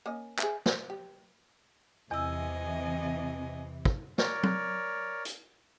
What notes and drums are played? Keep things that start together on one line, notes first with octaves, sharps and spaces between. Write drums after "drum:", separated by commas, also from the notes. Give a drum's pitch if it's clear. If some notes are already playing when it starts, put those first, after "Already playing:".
A#3 C#4 D#5
G#4 E5, drum: clap
C5, drum: snare
G4
E2 C3 E3 D#5 G#5 E6
drum: kick
A#4 C#5 D5, drum: snare
drum: tom
drum: hi-hat